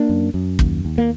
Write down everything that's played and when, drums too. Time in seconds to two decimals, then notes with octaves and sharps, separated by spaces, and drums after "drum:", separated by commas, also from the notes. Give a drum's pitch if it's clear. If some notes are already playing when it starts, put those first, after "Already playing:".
Already playing: A#3 D4
0.09 F#2
0.34 F#2
0.59 D#2, drum: kick
0.85 D#2
0.98 A#3